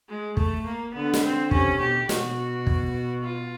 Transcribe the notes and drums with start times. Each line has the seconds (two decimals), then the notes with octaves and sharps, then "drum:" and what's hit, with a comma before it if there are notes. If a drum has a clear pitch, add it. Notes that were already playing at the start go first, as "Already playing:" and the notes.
0.09 G#3
0.37 A3, drum: kick
0.66 A#3
0.94 D3 B3
1.14 drum: snare
1.23 C4
1.51 C3 C#4, drum: kick
1.80 B2 G4
2.09 B2 F#4, drum: snare
2.67 drum: kick
3.24 F4